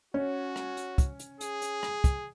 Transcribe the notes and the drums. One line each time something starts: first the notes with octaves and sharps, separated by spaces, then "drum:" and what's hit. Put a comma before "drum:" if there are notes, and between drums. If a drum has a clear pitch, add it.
C#4 F#4
drum: rim click
drum: hi-hat
drum: kick, hi-hat
drum: hi-hat
G#4, drum: hi-hat
drum: hi-hat
drum: rim click
drum: kick, hi-hat